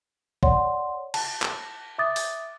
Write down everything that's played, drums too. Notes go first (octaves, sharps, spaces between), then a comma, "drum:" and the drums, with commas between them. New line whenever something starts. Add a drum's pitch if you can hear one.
C#5 D5 F#5 C6, drum: kick
A5, drum: cymbal
drum: clap
E5 D6 D#6 A6
drum: open hi-hat